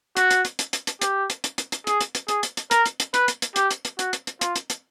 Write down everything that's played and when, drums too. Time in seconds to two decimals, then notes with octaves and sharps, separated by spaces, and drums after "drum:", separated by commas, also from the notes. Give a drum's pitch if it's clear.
0.17 F#4, drum: hi-hat
0.31 drum: hi-hat
0.45 drum: hi-hat
0.59 drum: hi-hat
0.73 drum: hi-hat
0.87 drum: hi-hat
1.02 G4, drum: hi-hat
1.30 drum: hi-hat
1.44 drum: hi-hat
1.58 drum: hi-hat
1.72 drum: hi-hat
1.87 G#4, drum: hi-hat
2.01 drum: hi-hat
2.15 drum: hi-hat
2.28 G#4, drum: hi-hat
2.43 drum: hi-hat
2.57 drum: hi-hat
2.71 A#4, drum: hi-hat
2.86 drum: hi-hat
3.00 drum: hi-hat
3.14 B4, drum: hi-hat
3.28 drum: hi-hat
3.42 drum: hi-hat
3.56 G4, drum: hi-hat
3.71 drum: hi-hat
3.85 drum: hi-hat
3.99 F#4, drum: hi-hat
4.13 drum: hi-hat
4.27 drum: hi-hat
4.41 F4, drum: hi-hat
4.56 drum: hi-hat
4.70 drum: hi-hat